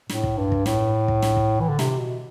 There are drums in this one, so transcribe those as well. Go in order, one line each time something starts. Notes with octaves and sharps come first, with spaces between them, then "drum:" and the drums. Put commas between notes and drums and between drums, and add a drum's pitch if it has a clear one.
A2, drum: snare
drum: kick
G2
drum: kick
A2, drum: snare
drum: kick
drum: snare
drum: kick
E3
D3
C3, drum: snare
B2